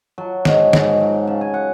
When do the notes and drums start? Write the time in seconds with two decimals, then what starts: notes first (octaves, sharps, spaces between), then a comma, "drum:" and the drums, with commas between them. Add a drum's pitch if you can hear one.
0.18 F#3 A5
0.45 G#2, drum: snare
0.73 G#2, drum: snare
1.00 F#3
1.27 C#3 A5
1.41 G#5
1.54 F#5